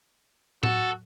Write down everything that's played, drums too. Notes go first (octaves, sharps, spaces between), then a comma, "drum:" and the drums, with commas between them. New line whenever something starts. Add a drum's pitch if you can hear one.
F#4 A4, drum: tom A2